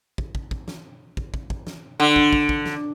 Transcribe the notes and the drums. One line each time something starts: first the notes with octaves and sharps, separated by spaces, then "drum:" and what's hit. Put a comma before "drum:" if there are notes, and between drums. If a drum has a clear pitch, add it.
drum: kick
drum: kick
drum: kick
drum: snare
drum: kick
drum: kick
drum: kick
drum: snare
D3
drum: kick
drum: kick
drum: kick
drum: snare